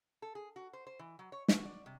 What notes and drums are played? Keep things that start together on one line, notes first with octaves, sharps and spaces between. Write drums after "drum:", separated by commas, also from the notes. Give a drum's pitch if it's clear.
A4
G#4
F#4
C5
C5
E3
F#3
C#5
F#4, drum: snare
D5
C3